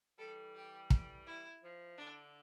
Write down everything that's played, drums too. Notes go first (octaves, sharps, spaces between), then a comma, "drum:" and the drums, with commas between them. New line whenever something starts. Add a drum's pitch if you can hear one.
E3 G3 A4
G4
drum: kick
E4
F3
D3 D4